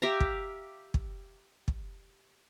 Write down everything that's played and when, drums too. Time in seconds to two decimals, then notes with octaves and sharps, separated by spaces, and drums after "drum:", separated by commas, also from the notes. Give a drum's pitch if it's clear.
0.02 G4 E5 F5 A#5
0.20 drum: kick
0.94 drum: kick
1.68 drum: kick